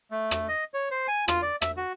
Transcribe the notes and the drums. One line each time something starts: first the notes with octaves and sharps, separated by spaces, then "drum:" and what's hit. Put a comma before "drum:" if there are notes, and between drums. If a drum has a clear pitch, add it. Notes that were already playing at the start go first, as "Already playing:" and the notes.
A3
drum: rim click
D#5
C#5
C5
G#5
F4, drum: rim click
D5
E5, drum: rim click
F#4